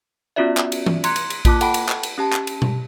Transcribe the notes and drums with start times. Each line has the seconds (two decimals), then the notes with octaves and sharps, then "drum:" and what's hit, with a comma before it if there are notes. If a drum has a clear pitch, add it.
0.36 B3 C#4 F4 F#4 D5 E5
0.57 drum: clap
0.72 drum: cymbal
0.86 drum: tom E3
1.04 A#5 C6 F#6 G#6 C#7, drum: cymbal
1.16 drum: cymbal
1.30 drum: cymbal
1.45 A#3 F4 A5 D6 F#6, drum: kick A#1, cymbal
1.61 A4 F#5 G5 A5 B5 D7, drum: cymbal
1.74 drum: cymbal
1.89 drum: clap
2.03 drum: cymbal
2.18 C#4 G4 A5
2.33 drum: clap
2.47 drum: cymbal
2.62 drum: tom B2